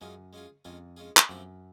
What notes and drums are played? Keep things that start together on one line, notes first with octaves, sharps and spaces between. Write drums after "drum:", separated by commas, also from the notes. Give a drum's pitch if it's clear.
F#2 G#3 C#4 F4 G#4
G#3 C#4 F4 G#4
F2 G#3 C#4 F4 G#4
G#3 C#4 F4 G#4
drum: clap
F#2 F3 A3 C4 E4 G4